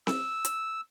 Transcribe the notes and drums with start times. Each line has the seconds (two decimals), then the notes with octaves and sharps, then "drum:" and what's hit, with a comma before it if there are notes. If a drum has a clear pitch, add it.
0.07 E6, drum: snare C4
0.45 drum: hi-hat